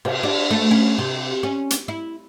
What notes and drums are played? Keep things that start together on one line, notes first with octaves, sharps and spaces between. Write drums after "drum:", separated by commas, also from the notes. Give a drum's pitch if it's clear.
C3, drum: cymbal
D4
A3
C#4
C3
C#4
drum: hi-hat
E4